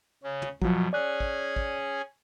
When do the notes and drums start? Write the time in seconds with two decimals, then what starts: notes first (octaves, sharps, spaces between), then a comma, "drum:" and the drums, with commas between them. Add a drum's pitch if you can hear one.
0.23 C#3 C#4
0.42 drum: tom
0.62 F#2 B2 F3 F#3, drum: kick
0.93 C#4 G#4 D5 G#5 F#6
1.20 drum: kick
1.56 drum: kick